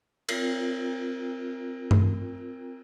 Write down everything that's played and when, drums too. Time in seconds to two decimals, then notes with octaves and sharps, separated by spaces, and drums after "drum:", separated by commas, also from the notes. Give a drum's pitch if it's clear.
0.29 C4 F4 A#4, drum: cymbal
1.91 drum: tom G2